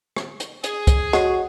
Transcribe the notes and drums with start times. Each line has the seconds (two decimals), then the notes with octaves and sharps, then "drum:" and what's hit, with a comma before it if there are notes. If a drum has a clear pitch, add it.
0.16 drum: rim click
0.40 drum: hi-hat
0.64 G#4, drum: hi-hat
0.87 drum: kick, hi-hat
1.13 G#3 F#4 C#5, drum: rim click